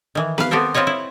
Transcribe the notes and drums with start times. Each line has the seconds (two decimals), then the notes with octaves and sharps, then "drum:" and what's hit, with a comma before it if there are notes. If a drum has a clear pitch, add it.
0.15 D#3 E3
0.38 B4 F5, drum: snare B3
0.51 B3 C4 G4 A4 A#4
0.74 C4 F4 B4 C#5 D#5
0.87 E4